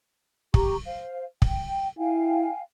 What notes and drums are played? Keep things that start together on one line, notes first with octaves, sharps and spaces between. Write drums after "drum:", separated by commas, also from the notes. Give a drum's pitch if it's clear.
G4 A#5 C#6, drum: kick
C5 F5
G5, drum: kick
E4 F5 G5 G#5